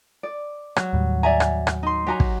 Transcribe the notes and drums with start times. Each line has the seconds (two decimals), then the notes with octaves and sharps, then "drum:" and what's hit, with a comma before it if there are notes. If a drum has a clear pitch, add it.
0.23 D5
0.76 F#3, drum: rim click
0.93 D#2 A2 G3
1.23 D5 E5 G#5 A#5
1.40 drum: rim click
1.67 drum: rim click
1.83 D#4 C6
2.07 F#3 F#4 G4 G#5 A#5
2.20 drum: kick